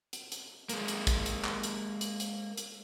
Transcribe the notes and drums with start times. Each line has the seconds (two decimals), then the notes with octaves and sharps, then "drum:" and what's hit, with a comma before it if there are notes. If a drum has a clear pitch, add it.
0.13 drum: hi-hat
0.32 drum: hi-hat
0.69 G#3 A#3, drum: hi-hat
0.88 drum: hi-hat
1.07 drum: kick, hi-hat
1.26 drum: hi-hat
1.45 drum: clap
1.63 drum: hi-hat
2.01 drum: hi-hat
2.20 drum: hi-hat
2.57 drum: hi-hat